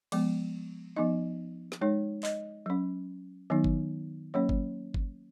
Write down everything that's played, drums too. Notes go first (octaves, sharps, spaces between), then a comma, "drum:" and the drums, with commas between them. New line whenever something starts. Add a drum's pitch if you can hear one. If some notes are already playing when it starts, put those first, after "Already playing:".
F3 G#3 B3, drum: cymbal
F3 B3 D#4 D#5
drum: snare
G#3 D#4 C#5
D#5, drum: clap
F#3 C#4
D#3 F#3 B3 D#4
drum: kick G1
F#3 A#3 C#4 C#5
drum: kick G1
drum: kick G1